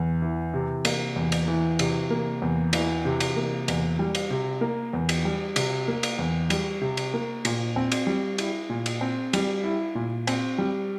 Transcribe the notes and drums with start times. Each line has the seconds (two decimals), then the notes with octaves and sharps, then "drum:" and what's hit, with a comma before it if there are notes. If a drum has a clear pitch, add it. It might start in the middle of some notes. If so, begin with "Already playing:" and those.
Already playing: E2
0.22 E3
0.54 C3
0.85 A#3, drum: cymbal
1.16 E2
1.32 drum: cymbal
1.48 E3
1.79 C3, drum: cymbal
2.11 A#3
2.42 E2
2.73 E3, drum: cymbal
3.05 C3
3.20 drum: cymbal
3.36 A#3
3.68 E2, drum: cymbal
3.99 G3
4.15 drum: cymbal
4.30 C3
4.61 A#3
4.93 E2
5.09 drum: cymbal
5.25 G3
5.56 C3, drum: cymbal
5.88 A#3
6.03 drum: cymbal
6.19 E2
6.50 G3, drum: cymbal
6.81 C3
6.97 drum: cymbal
7.14 A#3
7.45 A#2, drum: cymbal
7.76 C4
7.92 drum: cymbal
8.07 G3
8.38 E4, drum: cymbal
8.70 A#2
8.86 drum: cymbal
9.01 C4
9.33 G3, drum: cymbal
9.64 E4
9.95 A#2
10.27 C4, drum: cymbal
10.58 G3